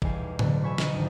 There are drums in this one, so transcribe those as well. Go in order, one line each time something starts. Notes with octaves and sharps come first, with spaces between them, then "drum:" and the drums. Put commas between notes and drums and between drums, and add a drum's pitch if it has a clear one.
B1 E2 G3 F5 G#5 C7, drum: kick
D2 B2 D3 F#3 A3, drum: tom A2
E5 G#5 B5 C#6
D2 D#5 A#5, drum: snare
G#1 D2 D#3 F3